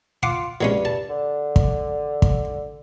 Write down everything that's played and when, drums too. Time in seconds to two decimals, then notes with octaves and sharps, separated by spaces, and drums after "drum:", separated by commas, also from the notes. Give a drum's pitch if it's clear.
0.23 F4 F#5 C6 D6
0.61 G2 F#3 G#3 C#4
0.85 A5
1.10 D3
1.56 drum: kick
2.22 drum: kick